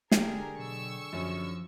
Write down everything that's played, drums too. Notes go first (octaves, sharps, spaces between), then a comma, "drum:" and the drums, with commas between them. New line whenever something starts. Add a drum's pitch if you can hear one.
D3 G4 G#4 A#4, drum: snare
B1 C#6 E6
F#2 F3 C#4